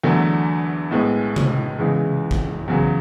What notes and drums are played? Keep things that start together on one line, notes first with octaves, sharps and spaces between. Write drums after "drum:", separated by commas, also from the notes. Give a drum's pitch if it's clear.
E2 D3 F#3 A3
B1 A2 G#3 B3
drum: tom C3
E2 C#3 E3 G#3
drum: kick G1
E2 C#3 F#3